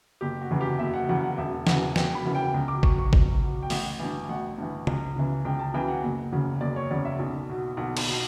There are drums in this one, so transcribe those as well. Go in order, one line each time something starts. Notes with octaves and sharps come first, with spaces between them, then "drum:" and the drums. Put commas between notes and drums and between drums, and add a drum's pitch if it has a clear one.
F#1 G4
F#4
E2 C#3 E3
G4
F#1 E5
F#5
E2 C#3 E3 F#5
F#5
E1 E5
E2 C#3 E3 F#5, drum: snare
E1 G5, drum: snare
B5
E2 C#3 E3
G5
C#2
D6
B2 C#6, drum: kick
C#6
C#2, drum: kick
B2
G5
A1 F#5, drum: open hi-hat
G2 E3
A1 F#5
G2 E3
C#2, drum: tom
C#3 E3
C#2 G5
A5
C#3 E3 G5
F#5
F#1
E2 C#3
F#1 D5
C#5
E2 C#3 D5
E5
B1
B2
B1 F#5
A5, drum: cymbal
B2